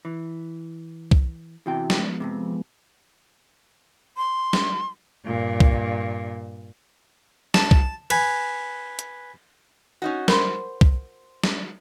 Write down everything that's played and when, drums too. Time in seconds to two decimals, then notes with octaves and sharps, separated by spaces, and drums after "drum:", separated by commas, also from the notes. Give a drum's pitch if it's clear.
0.05 E3
1.11 drum: kick
1.66 E2 C3 E4 F#4 G5
1.90 drum: snare
2.00 F3 G#3 B3
2.20 F2 G#2 C3
4.17 C6
4.53 drum: snare
5.25 G2 A#2
5.60 drum: kick
7.54 A5, drum: snare
7.71 drum: kick
8.10 B4 G#5, drum: cymbal
8.99 drum: hi-hat
10.02 C#4 D#4 F#4
10.28 A#4 C5 B5 C6, drum: snare
10.81 drum: kick
11.44 drum: snare